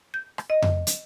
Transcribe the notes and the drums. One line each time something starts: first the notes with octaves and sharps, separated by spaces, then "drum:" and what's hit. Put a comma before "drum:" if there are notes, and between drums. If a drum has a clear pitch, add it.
G6
drum: rim click
D#5
drum: tom F2
drum: hi-hat